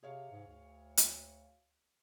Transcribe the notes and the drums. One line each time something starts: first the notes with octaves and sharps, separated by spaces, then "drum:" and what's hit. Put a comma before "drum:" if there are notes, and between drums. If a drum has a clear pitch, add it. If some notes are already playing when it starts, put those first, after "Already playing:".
C3 G#4 C#5 F5
G#2
D2
drum: hi-hat